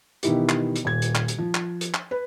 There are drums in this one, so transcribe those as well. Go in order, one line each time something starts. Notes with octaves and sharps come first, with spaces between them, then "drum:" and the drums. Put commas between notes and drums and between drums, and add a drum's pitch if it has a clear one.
B2 D#3 E3 E4 G4, drum: hi-hat
drum: clap
drum: hi-hat
D#1 G#6
drum: hi-hat
drum: clap
drum: hi-hat
F3
drum: clap
drum: hi-hat
drum: clap
B4